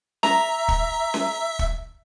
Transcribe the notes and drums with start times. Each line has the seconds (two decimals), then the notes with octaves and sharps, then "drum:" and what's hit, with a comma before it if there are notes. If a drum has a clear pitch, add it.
0.23 E5 A#5, drum: snare C#4
0.68 drum: kick
1.14 drum: snare C#4
1.59 drum: kick